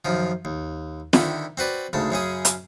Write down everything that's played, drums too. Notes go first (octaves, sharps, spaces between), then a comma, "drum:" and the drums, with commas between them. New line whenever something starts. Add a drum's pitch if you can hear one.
F#2 D#3 F3
D#2
D3 D#3 E4 G4, drum: snare
C4 F#4 B4 D5
D2 G#2 C#3 A5
F#2 C#3 C#4 G#4
drum: hi-hat